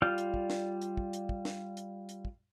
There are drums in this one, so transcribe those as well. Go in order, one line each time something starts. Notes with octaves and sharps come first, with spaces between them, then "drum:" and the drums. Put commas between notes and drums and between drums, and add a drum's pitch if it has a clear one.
G3 F4 D5 F6 G6
drum: hi-hat
drum: kick
drum: snare
drum: hi-hat
drum: kick
drum: hi-hat
drum: kick
drum: snare
drum: hi-hat
drum: hi-hat
drum: kick